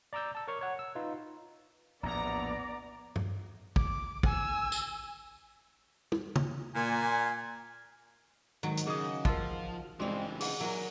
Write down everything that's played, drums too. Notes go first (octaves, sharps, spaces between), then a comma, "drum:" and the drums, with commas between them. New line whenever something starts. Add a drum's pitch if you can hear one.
D5 A#5 D6 E6 G6
A5 E6
A#4 C#5 C#6 F6
C#5 F#5
E6
D#4 F4 B4
A#1 E2 A2 B3 D5 A#5
drum: tom
D6, drum: kick
G#5 E6, drum: kick
drum: tambourine
drum: tom
drum: tom
A#2 G#5
G#2 D#3 F#3
drum: hi-hat
C#3 F#4 G#4 D#5 D#6
F3 F4 A#4 A5, drum: kick
G2 C#3 E3 G#3 C4 F#4 G#4
B3 D#4 G#4 F#5, drum: open hi-hat
A#2 F#3 E4 A#4 G#5